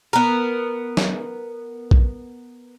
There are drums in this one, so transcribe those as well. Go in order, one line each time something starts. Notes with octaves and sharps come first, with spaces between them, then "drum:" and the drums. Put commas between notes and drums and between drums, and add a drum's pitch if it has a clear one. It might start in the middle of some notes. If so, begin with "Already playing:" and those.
B3 A#4
drum: snare
drum: kick A#1